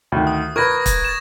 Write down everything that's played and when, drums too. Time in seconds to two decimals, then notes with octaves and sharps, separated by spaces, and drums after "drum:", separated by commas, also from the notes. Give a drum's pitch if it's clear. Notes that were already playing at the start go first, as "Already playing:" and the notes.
0.12 D2 D#3
0.27 D#6
0.56 A#4 B4 C#6 G#6 A#6
0.86 drum: kick, hi-hat
1.04 A6 E7